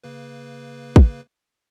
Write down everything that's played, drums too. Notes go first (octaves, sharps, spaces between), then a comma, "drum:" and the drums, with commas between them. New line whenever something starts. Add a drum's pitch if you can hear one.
C#3 A#3 B4
drum: kick